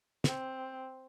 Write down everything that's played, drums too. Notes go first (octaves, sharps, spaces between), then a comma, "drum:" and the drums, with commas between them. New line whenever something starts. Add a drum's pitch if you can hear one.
C4, drum: snare